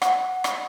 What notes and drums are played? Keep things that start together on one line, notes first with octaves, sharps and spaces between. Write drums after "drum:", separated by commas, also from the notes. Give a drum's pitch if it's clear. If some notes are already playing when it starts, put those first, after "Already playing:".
F#5, drum: rim click
drum: rim click